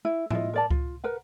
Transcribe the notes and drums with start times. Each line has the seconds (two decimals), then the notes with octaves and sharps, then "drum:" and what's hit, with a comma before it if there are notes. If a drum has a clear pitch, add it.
0.05 E4
0.31 E4 F4 D#5, drum: tom
0.54 A#4 D5 A5
0.71 F4, drum: kick C#2
1.04 A#4 B4 F#5